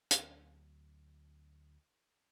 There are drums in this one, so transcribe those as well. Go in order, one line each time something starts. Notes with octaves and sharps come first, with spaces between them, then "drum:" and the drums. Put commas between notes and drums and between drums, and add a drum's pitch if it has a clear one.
D2 F#3, drum: hi-hat